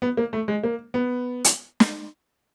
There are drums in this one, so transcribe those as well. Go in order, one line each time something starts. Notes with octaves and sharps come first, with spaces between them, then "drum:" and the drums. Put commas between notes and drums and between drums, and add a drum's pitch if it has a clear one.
B3
A#3
A3
G#3
A#3
B3
drum: hi-hat
drum: snare